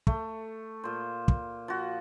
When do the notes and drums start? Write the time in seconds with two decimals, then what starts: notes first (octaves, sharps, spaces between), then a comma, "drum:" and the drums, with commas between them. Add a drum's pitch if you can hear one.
0.07 A3, drum: kick
0.84 A#2 C5
1.28 drum: kick
1.68 F3 F#4